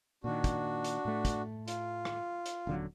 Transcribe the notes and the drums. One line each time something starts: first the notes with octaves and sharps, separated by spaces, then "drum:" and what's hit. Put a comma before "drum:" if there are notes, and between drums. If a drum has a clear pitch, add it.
A#2 D#3 D4 F#4
drum: kick, hi-hat
drum: hi-hat
A2 A3
drum: kick, hi-hat
F4, drum: hi-hat
drum: rim click
drum: hi-hat
D#1 D3 F#3